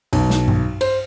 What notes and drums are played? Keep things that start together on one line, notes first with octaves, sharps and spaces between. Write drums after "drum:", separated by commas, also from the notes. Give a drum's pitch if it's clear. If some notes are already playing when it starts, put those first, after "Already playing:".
B1, drum: cymbal
drum: snare
drum: tom G2
C5, drum: cymbal